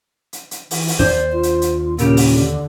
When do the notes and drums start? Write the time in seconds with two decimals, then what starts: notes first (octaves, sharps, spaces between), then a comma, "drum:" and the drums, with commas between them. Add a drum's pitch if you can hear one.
0.33 drum: hi-hat
0.51 drum: hi-hat
0.71 E3, drum: open hi-hat
0.88 drum: open hi-hat
0.99 D#2 D4 C5 D5
1.33 F4
1.43 drum: hi-hat
1.62 drum: hi-hat
1.98 A#2 C#3 G4 A#4, drum: hi-hat
2.17 drum: open hi-hat
2.30 D3